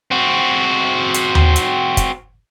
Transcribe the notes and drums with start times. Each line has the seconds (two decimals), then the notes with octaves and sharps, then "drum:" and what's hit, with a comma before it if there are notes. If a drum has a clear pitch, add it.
0.11 C4 F#4
1.14 drum: hi-hat
1.35 drum: tom D#2
1.56 drum: hi-hat
1.97 drum: kick, hi-hat